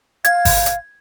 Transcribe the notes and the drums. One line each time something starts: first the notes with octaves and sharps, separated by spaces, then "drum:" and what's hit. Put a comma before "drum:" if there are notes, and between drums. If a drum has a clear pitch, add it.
F5 G#6, drum: hi-hat
drum: kick G1, open hi-hat
drum: hi-hat